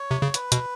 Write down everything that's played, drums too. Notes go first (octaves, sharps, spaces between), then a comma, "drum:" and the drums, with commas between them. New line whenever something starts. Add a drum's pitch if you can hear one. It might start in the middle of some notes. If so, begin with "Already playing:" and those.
Already playing: C#5
C3
C#3
B4, drum: hi-hat
B2, drum: hi-hat